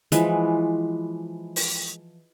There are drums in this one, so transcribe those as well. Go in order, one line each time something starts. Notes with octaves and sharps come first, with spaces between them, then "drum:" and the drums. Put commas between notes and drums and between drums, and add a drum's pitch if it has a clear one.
E3 F3 G#3 B4, drum: hi-hat
drum: open hi-hat